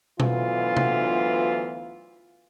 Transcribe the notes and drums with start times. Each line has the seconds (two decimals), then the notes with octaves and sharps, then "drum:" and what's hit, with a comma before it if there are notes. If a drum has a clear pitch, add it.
0.20 D2 D3 E3 F#3 B3 F4, drum: tom B2
0.77 drum: tom